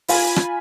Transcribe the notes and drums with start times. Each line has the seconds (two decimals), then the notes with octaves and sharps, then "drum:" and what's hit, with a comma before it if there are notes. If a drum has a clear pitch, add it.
0.08 F4 G#5 B5, drum: open hi-hat
0.36 drum: rim click